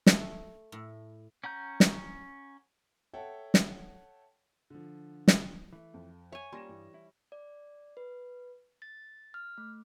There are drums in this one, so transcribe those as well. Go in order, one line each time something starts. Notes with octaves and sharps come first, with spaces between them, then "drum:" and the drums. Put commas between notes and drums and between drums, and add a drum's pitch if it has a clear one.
A3, drum: snare
A2
C#4 F#5 A#5 G6
drum: snare
A4 C#5 E5 F#5 G5 A5
drum: snare
D3 F3
drum: snare
E3 A3
F2
C#5 E5 G#5
G3 A#3 C#4 F4 C6 A#6 E7
G2 E3
E4
D5
B4
A6
F6
A3